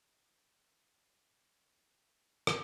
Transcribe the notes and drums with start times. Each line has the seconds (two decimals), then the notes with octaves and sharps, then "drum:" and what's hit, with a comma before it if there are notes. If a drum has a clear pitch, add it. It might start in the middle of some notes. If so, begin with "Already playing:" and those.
Already playing: F2 C#3 G#3
0.13 D#5
0.42 C5
0.71 C3 F3 G#3 C#5
0.93 C5
1.15 A#4
1.37 G#4
1.59 G#2 D#3 A#3
2.47 drum: rim click